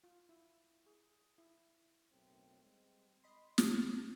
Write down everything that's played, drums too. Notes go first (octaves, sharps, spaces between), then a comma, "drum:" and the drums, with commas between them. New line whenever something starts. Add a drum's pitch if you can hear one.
F4
E4
G#4
E4
B1 F#2 A2 C4
G3 G#3 C4
D#5 B5 C6
drum: snare